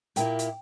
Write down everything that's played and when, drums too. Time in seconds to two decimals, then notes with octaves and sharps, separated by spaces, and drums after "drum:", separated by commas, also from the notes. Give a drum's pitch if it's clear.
0.16 A#2 A#3 E4 G4 G5, drum: hi-hat
0.39 drum: hi-hat